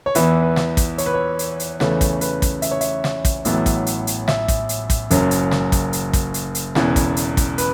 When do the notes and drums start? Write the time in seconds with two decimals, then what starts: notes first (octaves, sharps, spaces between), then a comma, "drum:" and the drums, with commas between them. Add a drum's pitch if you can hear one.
0.06 C#5
0.15 E2 E3 B3 E4 B4, drum: hi-hat
0.42 B4
0.56 drum: snare
0.77 drum: kick, hi-hat
0.98 C#5, drum: hi-hat
1.06 B4
1.14 C#5
1.39 drum: hi-hat
1.60 drum: hi-hat
1.80 E2 C#3 E3 A3 C#4 B4, drum: snare
2.01 drum: kick, hi-hat
2.21 B4, drum: hi-hat
2.42 drum: kick, hi-hat
2.62 E5, drum: hi-hat
2.71 C#5
2.81 E5, drum: hi-hat
3.04 drum: snare
3.25 drum: kick, hi-hat
3.45 A1 A2 F#3 B3 E4, drum: hi-hat
3.66 drum: kick, hi-hat
3.86 drum: hi-hat
4.07 drum: hi-hat
4.28 E5, drum: snare
4.48 drum: kick, hi-hat
4.69 drum: hi-hat
4.90 drum: kick, hi-hat
5.11 F#1 F#2 F#3 C#4, drum: hi-hat
5.31 drum: hi-hat
5.52 drum: snare
5.72 drum: kick, hi-hat
5.93 drum: hi-hat
6.13 drum: kick, hi-hat
6.34 drum: hi-hat
6.55 drum: hi-hat
6.75 E1 E2 C#3 E3, drum: snare
6.96 drum: kick, hi-hat
7.17 drum: hi-hat
7.37 drum: kick, hi-hat
7.58 B4, drum: hi-hat